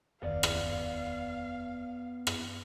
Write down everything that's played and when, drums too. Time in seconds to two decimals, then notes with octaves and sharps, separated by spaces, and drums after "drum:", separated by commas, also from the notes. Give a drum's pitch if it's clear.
0.23 F1 D#2 B3 D5 F5
0.43 drum: rim click
2.27 drum: rim click